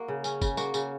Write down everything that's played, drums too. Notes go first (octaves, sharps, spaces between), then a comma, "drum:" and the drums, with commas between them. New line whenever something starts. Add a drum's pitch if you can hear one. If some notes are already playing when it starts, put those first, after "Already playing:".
Already playing: A#3 F#4
C#3
C#4, drum: tambourine
C#3, drum: kick, tambourine
A#3 F#4, drum: tambourine
C#3, drum: tambourine